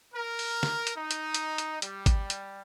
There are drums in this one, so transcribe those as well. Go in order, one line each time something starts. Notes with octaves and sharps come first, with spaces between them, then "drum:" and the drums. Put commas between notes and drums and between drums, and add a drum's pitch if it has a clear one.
A#4
drum: open hi-hat
drum: snare
drum: hi-hat
D#4
drum: hi-hat
drum: hi-hat
drum: hi-hat
G3, drum: hi-hat
drum: kick G#1, hi-hat
drum: hi-hat